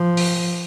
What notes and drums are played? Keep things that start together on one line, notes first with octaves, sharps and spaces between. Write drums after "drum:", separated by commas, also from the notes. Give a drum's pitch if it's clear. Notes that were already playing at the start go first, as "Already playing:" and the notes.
Already playing: F3
drum: open hi-hat